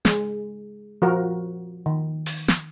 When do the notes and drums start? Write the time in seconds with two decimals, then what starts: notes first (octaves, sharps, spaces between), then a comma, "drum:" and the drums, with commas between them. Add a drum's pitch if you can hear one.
0.05 G#3, drum: snare
1.02 F3 F#4 A#4
1.86 D#3
2.26 drum: open hi-hat
2.48 drum: snare